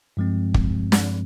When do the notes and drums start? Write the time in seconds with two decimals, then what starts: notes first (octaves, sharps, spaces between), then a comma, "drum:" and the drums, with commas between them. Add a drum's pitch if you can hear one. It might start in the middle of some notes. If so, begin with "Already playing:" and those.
0.17 G2 F3 G#3 C4
0.54 drum: kick
0.92 drum: snare